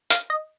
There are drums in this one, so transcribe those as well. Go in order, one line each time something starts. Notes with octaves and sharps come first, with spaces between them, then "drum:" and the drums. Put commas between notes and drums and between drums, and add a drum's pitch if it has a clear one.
F5, drum: hi-hat
D#5